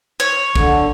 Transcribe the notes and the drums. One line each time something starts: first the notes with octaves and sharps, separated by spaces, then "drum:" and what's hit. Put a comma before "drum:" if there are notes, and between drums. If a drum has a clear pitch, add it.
C#5
D3, drum: kick